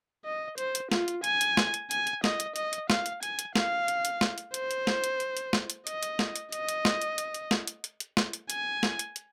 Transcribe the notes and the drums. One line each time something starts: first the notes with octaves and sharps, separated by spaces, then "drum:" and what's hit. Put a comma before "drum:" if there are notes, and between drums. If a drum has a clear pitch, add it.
D#5
C5, drum: hi-hat
drum: hi-hat
F4, drum: snare
drum: hi-hat
G#5, drum: hi-hat
drum: hi-hat
drum: snare
drum: hi-hat
G#5, drum: hi-hat
drum: hi-hat
D#5, drum: snare
drum: hi-hat
D#5, drum: hi-hat
drum: hi-hat
F5, drum: snare
drum: hi-hat
G#5, drum: hi-hat
drum: hi-hat
F5, drum: snare
drum: hi-hat
drum: hi-hat
drum: snare
drum: hi-hat
C5, drum: hi-hat
drum: hi-hat
drum: snare
drum: hi-hat
drum: hi-hat
drum: hi-hat
drum: snare
drum: hi-hat
D#5, drum: hi-hat
drum: hi-hat
drum: snare
drum: hi-hat
D#5, drum: hi-hat
drum: hi-hat
drum: snare
drum: hi-hat
drum: hi-hat
drum: hi-hat
drum: snare
drum: hi-hat
drum: hi-hat
drum: hi-hat
drum: snare
drum: hi-hat
G#5, drum: hi-hat
drum: snare
drum: hi-hat
drum: hi-hat